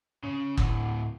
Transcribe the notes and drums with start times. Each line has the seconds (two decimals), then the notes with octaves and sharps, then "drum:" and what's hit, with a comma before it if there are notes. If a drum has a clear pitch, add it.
0.24 C#3
0.57 D2 A2, drum: kick